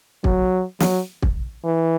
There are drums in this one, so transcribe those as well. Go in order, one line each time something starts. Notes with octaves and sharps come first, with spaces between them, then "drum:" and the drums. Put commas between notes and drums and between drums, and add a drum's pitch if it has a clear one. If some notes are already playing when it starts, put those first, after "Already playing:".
F#3, drum: kick
F#3, drum: snare
drum: kick
E3